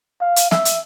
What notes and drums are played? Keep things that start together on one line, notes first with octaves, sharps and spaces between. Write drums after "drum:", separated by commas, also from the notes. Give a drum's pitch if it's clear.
F5
drum: hi-hat
E5, drum: snare
drum: hi-hat